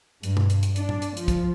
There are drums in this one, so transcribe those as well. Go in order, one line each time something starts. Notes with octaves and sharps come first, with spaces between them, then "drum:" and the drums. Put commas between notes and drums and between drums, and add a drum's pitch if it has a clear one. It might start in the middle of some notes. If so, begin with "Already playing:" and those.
G2, drum: hi-hat
drum: tom
drum: hi-hat
drum: hi-hat
D4, drum: hi-hat
drum: tom A2
drum: hi-hat
F3, drum: hi-hat
drum: kick, hi-hat